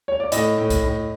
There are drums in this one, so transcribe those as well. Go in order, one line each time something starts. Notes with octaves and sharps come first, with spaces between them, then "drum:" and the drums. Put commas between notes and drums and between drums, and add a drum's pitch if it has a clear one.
C#5
D5
A2 D#5, drum: hi-hat
A2
drum: kick, hi-hat
A2